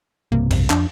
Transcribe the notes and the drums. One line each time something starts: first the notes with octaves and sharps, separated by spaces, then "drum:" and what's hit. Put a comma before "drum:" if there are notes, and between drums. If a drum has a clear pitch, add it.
B1 G2 C3 A#3
F2, drum: kick A#1, cymbal
F2 D4, drum: clap